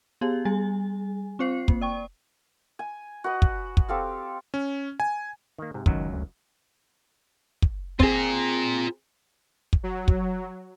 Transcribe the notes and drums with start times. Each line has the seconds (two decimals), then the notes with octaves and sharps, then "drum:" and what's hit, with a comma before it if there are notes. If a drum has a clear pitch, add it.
0.21 B3 G4 G#4 F5
0.45 G3 G#4 G#5
1.39 C4 F4 C5 F5 C7
1.68 A#3, drum: kick
1.81 D5 G5 C#6
2.79 G#5
3.24 F#4 B4 D#5
3.42 drum: kick
3.77 drum: kick
3.88 C4 G4 A4 F5
4.54 C#4
5.00 G#5
5.58 D#3 A#3
5.74 G#2 C3
5.86 C#2 F#2 D#3 F#3, drum: kick
6.13 D2
7.62 drum: kick
8.00 C4 F4 G#4 A#5, drum: kick
9.73 drum: kick
9.83 F#3
10.08 drum: kick